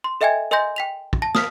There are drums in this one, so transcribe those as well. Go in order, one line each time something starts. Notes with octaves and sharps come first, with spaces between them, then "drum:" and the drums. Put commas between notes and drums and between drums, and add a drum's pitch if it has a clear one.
C6
A4 D#5 E5 G5 G#5 G#6
A#4 D#5 G#5 C6 G6 A#6
G5 B6 F7
drum: kick
A5 A#6
D#6 F6 B6, drum: snare